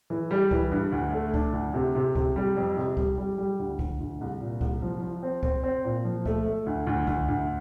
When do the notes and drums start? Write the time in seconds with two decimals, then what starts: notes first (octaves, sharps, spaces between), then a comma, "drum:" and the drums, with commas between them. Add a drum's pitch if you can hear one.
0.10 E3
0.31 G3
0.51 E3, drum: kick C2
0.72 G2
0.92 D2
1.12 A3
1.34 D4, drum: kick C2
1.53 D2
1.74 C3
1.95 C3
2.16 C3, drum: kick C2
2.36 G3
2.56 F2
2.77 C3
2.97 G3, drum: kick C2
3.18 G3
3.38 G3
3.59 D2
3.79 D2, drum: kick C2
4.00 D2
4.21 C2
4.41 A#2
4.61 C2, drum: kick C2
4.82 F3
5.02 F3
5.23 C4
5.43 C4, drum: kick C2
5.64 C4
5.84 A#2
6.05 F3
6.26 A3, drum: kick C2
6.46 A3
6.66 D2
6.87 D2
7.07 D2, drum: kick C2
7.28 D2